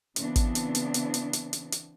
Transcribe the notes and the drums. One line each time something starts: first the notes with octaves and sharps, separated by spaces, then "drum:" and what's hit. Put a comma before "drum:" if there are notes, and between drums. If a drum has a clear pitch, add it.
C#3 E3 B3 C4 D4, drum: hi-hat
drum: kick, hi-hat
drum: hi-hat
drum: hi-hat
drum: hi-hat
drum: hi-hat
drum: hi-hat
drum: hi-hat
drum: hi-hat